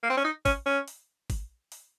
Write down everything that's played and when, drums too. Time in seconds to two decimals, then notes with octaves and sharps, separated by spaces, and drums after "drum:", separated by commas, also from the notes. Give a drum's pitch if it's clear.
0.03 A#3
0.10 C4
0.17 C#4
0.24 D#4
0.45 C#4, drum: kick, open hi-hat
0.66 C#4
0.88 drum: open hi-hat
1.30 drum: kick, open hi-hat
1.72 drum: open hi-hat